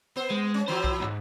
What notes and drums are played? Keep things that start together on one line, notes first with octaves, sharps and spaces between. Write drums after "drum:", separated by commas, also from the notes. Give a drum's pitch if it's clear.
B3 C5
G#3
C#4
A2 E3 F#3 C5
drum: kick B1
C2 G#2